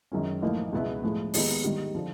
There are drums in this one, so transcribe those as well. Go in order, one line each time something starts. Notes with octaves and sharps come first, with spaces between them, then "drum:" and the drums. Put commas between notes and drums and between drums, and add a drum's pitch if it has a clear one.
F#2 D#3 G#3 C#4
A1 A2 F3 A#3 D#4
C#2 B2 G#3 B3 E4
A2 F3 G#3
D#2 D#3 G#3 B3 D#4, drum: open hi-hat
G#2 D#3 G3
D3 F3